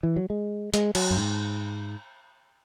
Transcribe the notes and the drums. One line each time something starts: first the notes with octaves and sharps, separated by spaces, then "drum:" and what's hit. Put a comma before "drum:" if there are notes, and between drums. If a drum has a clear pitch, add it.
E3
F#3
G#3
G#3, drum: hi-hat
F#3, drum: cymbal
F#2
G#2